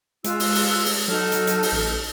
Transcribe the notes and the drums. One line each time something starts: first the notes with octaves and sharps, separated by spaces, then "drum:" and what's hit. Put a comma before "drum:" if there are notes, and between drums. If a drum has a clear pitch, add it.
G#3 F4 E6 F#6, drum: hi-hat
drum: open hi-hat
drum: open hi-hat
drum: open hi-hat
F#3 D#4 A4 F6
drum: hi-hat
drum: hi-hat
drum: open hi-hat
A1